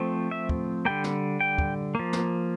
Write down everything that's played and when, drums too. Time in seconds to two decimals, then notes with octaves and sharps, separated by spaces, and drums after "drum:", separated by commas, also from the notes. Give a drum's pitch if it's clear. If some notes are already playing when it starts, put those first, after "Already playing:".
Already playing: F3 A3 C4
0.31 E5
0.49 drum: kick
0.85 D3 G3 A#3 G5
1.04 drum: snare
1.40 G5
1.58 drum: kick
1.95 F3 A#3
2.13 drum: snare